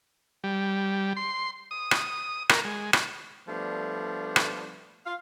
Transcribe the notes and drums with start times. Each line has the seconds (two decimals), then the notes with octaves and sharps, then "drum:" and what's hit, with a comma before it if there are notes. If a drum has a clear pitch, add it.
0.44 G3
1.17 C6
1.71 D#6
1.91 drum: rim click
2.49 A#4, drum: rim click
2.64 G#3
2.93 drum: rim click
3.48 F3 G3 A3 B3 D4
4.36 drum: rim click
5.06 F4 F5